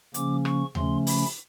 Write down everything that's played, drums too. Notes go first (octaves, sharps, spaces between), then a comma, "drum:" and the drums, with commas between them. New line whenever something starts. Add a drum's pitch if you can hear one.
C#3 F3 A#3 C#4 D6, drum: hi-hat
C#6, drum: rim click
C#3 F3 A3 C#4 C6, drum: tom D#2
B5, drum: open hi-hat